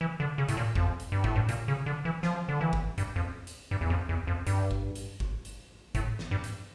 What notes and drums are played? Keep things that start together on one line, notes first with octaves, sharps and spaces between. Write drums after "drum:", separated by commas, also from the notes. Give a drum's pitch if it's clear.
E3
D3
C#3
A2, drum: hi-hat
A#2
F2, drum: kick
drum: hi-hat
G2
A2, drum: kick
G2
A#2, drum: hi-hat
C#3
D3
E3
F3, drum: snare
D3
E3
drum: kick
G2, drum: hi-hat
F2
drum: hi-hat
G2
E2
F2
E2
F2
G2, drum: hi-hat
drum: kick
drum: hi-hat
drum: kick
drum: hi-hat
A2, drum: kick, hi-hat
drum: snare
G2
drum: hi-hat